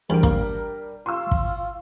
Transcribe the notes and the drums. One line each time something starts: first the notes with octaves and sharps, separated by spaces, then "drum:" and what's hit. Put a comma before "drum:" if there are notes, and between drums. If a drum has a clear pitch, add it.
E2 G3 D4 A#4 D7
A#3, drum: kick
F4 C6 C#6 E6
drum: kick